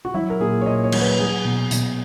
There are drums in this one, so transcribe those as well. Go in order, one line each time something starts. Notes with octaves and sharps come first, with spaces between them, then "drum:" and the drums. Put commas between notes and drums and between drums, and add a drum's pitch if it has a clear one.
F#4
F#3 E4
A#4
A#2 G#4
C#5
A#2 D#5
C#5
F#3, drum: cymbal
B4
F#3 G#4
B2
B2, drum: hi-hat